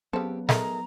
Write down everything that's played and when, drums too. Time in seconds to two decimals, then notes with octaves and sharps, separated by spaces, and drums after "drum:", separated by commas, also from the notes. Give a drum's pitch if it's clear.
0.13 C#3 F#3 B3 C4 G4 A4
0.49 A3 D#4 G#4 A#4 E5 A#5, drum: snare